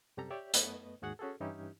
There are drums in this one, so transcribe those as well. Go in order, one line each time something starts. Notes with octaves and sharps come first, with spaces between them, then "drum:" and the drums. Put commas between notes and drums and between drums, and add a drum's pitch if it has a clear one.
F#2 C3 G3 G4 A4 A#5
G4 C#5 D5 E5
F#2 A3 B3 B4 D#5, drum: hi-hat
D#2 G#2 F#4 G#4 F#5
C#4 F#4 G#4 A4
G2 E3 C#4 D#4 E4 G4